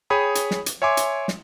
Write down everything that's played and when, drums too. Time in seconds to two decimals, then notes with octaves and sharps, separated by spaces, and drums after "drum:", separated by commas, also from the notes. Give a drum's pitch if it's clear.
0.10 G#4 C#5 G5 B5 D#6
0.35 drum: hi-hat
0.51 drum: snare
0.66 drum: hi-hat
0.82 C#5 E5 G#5 C6 D6
0.97 drum: hi-hat
1.28 drum: snare